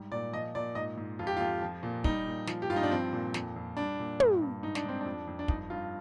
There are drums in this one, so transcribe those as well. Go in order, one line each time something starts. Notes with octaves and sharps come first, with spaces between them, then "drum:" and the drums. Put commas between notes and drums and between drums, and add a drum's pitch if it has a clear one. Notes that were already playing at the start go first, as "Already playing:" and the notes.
Already playing: G#2 G3
A#2 D5
F3 D#5
A#2 D5
G#2 D#5
G#2
F2 F4
G4
F2 F4
F3
A#2
G3 D#4, drum: kick
A#2
F3, drum: snare
G4
G2 F4
D#4
D4
F3 C4
A#2
F2, drum: snare
F2
G3 D4
A#2
G2, drum: tom
G2
G#2 D#4
D4, drum: snare
G#2 C4
F2 D4
F2
D4
G2 D#4, drum: kick
G2 F4